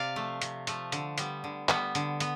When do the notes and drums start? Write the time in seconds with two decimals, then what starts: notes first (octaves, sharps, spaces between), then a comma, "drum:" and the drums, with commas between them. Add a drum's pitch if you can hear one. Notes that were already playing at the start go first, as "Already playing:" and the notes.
Already playing: C3 D5 F5
0.16 F3 A3
0.42 C3, drum: hi-hat
0.67 F3 A3, drum: hi-hat
0.92 D3, drum: hi-hat
1.18 G3 B3, drum: hi-hat
1.44 D3
1.69 G3 B3, drum: clap
1.95 D3, drum: hi-hat
2.20 B3, drum: hi-hat